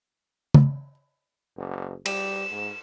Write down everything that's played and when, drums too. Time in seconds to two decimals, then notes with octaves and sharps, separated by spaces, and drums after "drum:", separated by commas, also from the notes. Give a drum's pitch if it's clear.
0.54 drum: tom C#3
1.57 F#1
2.06 G3 E7, drum: cymbal
2.51 G#2